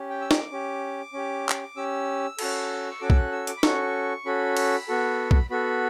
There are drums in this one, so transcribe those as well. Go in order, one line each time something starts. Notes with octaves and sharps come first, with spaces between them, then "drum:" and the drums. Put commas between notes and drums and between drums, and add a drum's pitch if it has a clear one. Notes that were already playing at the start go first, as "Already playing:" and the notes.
Already playing: C#4 G4
G5
E6
D6, drum: snare
C#4 G4
C#4 G4
drum: clap
C#4 G4 E6
C#4 F#4 A4, drum: cymbal
C#6
C#4 F#4 A4 D6
E6, drum: kick B1
F#6
E6
D6, drum: hi-hat
B5
C#4 F#4 A4 C#6, drum: snare
C#4 F#4 A4 B5
drum: cymbal
B3 F#4 A4
drum: kick B1
B3 F#4 A4 B5